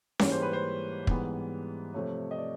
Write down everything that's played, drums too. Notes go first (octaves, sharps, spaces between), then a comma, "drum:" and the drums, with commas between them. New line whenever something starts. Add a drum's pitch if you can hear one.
G#2 E3 G3 A#3 C#5, drum: snare C#4
C5
B4
C5
G#2 E3 G3 B3, drum: kick
C3 F3 A3 C#5
D#5
D5